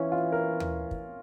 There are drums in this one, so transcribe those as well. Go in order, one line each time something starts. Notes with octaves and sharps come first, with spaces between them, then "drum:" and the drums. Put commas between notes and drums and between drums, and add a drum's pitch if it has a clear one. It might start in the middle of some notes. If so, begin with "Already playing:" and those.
Already playing: E3 C#4 E4 F4
F4
A#4
drum: tom
drum: kick